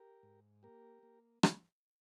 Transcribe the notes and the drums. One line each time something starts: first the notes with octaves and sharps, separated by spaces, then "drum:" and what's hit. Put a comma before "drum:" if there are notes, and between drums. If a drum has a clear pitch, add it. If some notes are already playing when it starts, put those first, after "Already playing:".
Already playing: G4 A#4
G#2
A#3 G4 A#4
A#3
drum: rim click